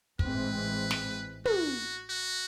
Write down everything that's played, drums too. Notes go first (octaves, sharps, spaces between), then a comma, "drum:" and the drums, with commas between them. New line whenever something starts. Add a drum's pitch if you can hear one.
A1 G#2 E3 G#3 C4 B4, drum: kick
drum: snare
F#4, drum: tom
F#4